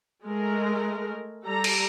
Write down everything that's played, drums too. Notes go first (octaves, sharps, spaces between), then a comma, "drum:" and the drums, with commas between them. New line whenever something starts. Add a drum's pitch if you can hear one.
G#3 A3 A#4
G3 A4 A#5
drum: cymbal